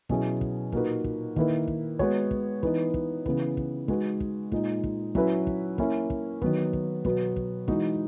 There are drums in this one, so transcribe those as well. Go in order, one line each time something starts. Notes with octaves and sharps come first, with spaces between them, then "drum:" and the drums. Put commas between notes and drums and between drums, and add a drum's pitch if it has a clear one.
B2 F#3 C#4 E4 G#4, drum: kick
drum: kick
A#2 A#3 D#4 F#4 B4, drum: kick
drum: kick
D#3 A#3 E4 B4, drum: kick
drum: kick
G#3 B3 F#4 C#5, drum: kick
drum: kick
E3 B3 D#4, drum: kick
drum: kick
C#3 E3 B3, drum: kick
drum: kick
G#3 D#4 F#4 B4, drum: kick
drum: kick
A#2 G#3 D#4, drum: kick
drum: kick
F#3 C#4 E4 B4, drum: kick
drum: kick
A#3 C#4 E4, drum: kick
drum: kick
D#3 F#3 B3, drum: kick
drum: kick
B2 F#3 B3 F#4 B4, drum: kick
drum: kick
E3 G#3 D#4 F#4, drum: kick